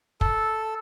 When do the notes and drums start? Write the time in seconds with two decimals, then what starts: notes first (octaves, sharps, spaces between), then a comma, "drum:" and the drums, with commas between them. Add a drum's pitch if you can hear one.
0.21 A4, drum: kick